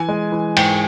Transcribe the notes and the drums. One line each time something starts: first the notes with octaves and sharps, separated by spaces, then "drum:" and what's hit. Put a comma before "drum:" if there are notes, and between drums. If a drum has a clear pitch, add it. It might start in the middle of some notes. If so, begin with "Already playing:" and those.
Already playing: E3 G#5
G#3
E3
G#2 G5, drum: cymbal